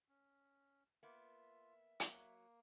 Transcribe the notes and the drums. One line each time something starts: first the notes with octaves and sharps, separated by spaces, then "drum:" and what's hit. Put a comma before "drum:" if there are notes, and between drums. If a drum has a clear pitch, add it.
C#4
A#3 B3 F4 E5
F#3 A#3 F#4, drum: hi-hat